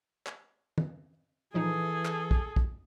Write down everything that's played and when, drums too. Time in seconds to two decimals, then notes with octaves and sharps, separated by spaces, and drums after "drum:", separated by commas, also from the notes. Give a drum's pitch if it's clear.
0.27 drum: clap
0.78 drum: tom
1.54 A#2 E3 F3 D#4 G#4 A4
2.05 drum: clap
2.31 drum: kick
2.56 drum: kick